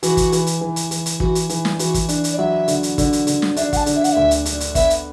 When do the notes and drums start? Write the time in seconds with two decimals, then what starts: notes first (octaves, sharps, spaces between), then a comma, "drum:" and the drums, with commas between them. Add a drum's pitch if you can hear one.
0.03 E3 F#4, drum: hi-hat
0.17 drum: kick, hi-hat
0.32 E3, drum: hi-hat
0.47 drum: hi-hat
0.61 E3
0.76 drum: hi-hat
0.91 E3, drum: hi-hat
1.06 drum: hi-hat
1.20 E3 F#4, drum: kick
1.35 drum: hi-hat
1.49 E3, drum: hi-hat
1.65 drum: snare
1.79 E3 F#4, drum: hi-hat
1.94 drum: kick, hi-hat
2.09 D4, drum: hi-hat
2.24 drum: hi-hat
2.33 D5
2.38 F#3 E5
2.68 D3, drum: hi-hat
2.83 drum: hi-hat
2.98 D3, drum: kick, hi-hat
3.13 drum: hi-hat
3.27 D3, drum: hi-hat
3.42 drum: snare
3.56 D4 E5, drum: hi-hat
3.73 F#5, drum: kick, hi-hat
3.77 A5
3.86 D3, drum: hi-hat
3.96 E5
4.04 F#5, drum: hi-hat
4.12 D2 E5
4.31 drum: hi-hat
4.45 D4, drum: hi-hat
4.60 drum: hi-hat
4.75 B3 E5, drum: kick, hi-hat
4.90 drum: hi-hat